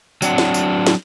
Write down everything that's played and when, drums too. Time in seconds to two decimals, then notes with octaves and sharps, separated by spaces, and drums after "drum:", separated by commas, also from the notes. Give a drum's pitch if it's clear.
0.22 F#3 C4 D4 F#5, drum: tambourine
0.38 drum: snare
0.54 drum: tambourine
0.87 drum: snare